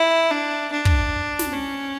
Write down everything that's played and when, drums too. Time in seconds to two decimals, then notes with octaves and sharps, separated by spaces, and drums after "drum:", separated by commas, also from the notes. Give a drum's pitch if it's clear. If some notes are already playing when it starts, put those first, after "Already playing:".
Already playing: E4
0.31 D4
0.72 D4
0.85 drum: kick
1.39 drum: snare
1.53 C#4